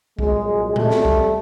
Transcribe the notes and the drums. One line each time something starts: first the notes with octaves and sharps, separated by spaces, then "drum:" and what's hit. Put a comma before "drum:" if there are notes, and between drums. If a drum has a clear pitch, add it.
C2 A#2 F#3 G#3, drum: kick B1
G3 A3, drum: tom A#2
drum: snare
drum: kick B1